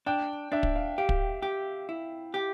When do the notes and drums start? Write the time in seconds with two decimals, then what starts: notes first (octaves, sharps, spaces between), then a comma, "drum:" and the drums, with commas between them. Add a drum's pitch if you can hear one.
0.06 D4 G5
0.52 D4 E5
0.63 drum: kick
0.75 F5
0.98 G4 F5
1.09 drum: kick
1.42 G4
1.89 E4
2.34 G4